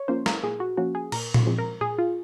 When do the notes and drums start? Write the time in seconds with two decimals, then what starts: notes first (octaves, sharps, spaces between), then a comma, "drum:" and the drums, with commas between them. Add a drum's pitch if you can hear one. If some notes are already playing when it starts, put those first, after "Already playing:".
Already playing: C#5
0.08 F3 A#3 C#4 C5
0.26 A#4, drum: snare
0.43 A#2 G#4
0.60 F#4
0.77 F3 A#3 C#4 F#4
0.95 G#4
1.12 A#2 A#4, drum: cymbal
1.34 drum: tom A#2
1.46 F3 G#3 C4
1.58 A#4
1.81 A#2 G#4
1.98 F4